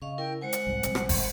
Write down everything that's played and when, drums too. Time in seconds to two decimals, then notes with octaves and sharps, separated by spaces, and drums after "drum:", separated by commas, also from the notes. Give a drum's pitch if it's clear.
0.02 C#3 D#5 F5 C#6
0.18 E4 A#4 G5
0.41 G#3 C5 F#5 G#5
0.53 drum: hi-hat
0.67 C2 G#2
0.83 A#1 C3 G3, drum: hi-hat
0.95 drum: rim click
1.09 drum: kick, open hi-hat